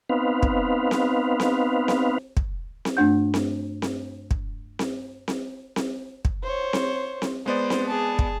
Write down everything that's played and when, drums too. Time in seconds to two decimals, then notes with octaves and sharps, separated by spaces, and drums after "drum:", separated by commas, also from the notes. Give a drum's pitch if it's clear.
0.09 B3 C4 D#4 B4 F5
0.43 drum: kick
0.91 drum: snare C4
1.40 drum: snare C4
1.88 drum: snare C4
2.37 drum: kick
2.85 drum: snare C4
2.97 G2 A3 D4 F#5 G6
3.34 drum: snare C4
3.82 drum: snare C4
4.31 drum: kick
4.79 drum: snare C4
5.28 drum: snare C4
5.76 drum: snare C4
6.25 drum: kick
6.44 C5 C#5
6.73 drum: snare C4
7.22 drum: snare C4
7.46 G#3 B3 C5 D5
7.70 drum: snare C4
7.88 G#4 A5
8.19 drum: kick